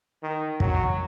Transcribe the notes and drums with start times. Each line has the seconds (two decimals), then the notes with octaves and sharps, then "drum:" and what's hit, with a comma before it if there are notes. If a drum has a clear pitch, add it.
0.23 D#3
0.60 F#3, drum: kick